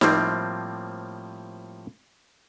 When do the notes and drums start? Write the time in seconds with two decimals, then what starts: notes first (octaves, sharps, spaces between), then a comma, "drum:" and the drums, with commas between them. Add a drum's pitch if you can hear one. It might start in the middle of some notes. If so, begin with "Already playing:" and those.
0.01 A2 F3 G3 A#3 C4, drum: snare D#4